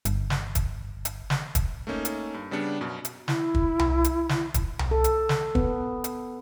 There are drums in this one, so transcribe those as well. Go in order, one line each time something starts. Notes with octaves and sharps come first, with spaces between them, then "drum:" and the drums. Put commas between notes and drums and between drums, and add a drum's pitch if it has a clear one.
G1, drum: hi-hat
drum: snare
drum: kick, hi-hat
drum: hi-hat
drum: snare
drum: kick, hi-hat
A3 A#3 C#4 D#4
drum: hi-hat
G2
C#3 G3 B3 D4 C#7
F#2 B2
drum: hi-hat
E4, drum: snare
drum: kick
drum: tom C2
drum: hi-hat
drum: snare
drum: kick, hi-hat
drum: tom C2
A4
drum: hi-hat
drum: snare
B3, drum: kick
drum: hi-hat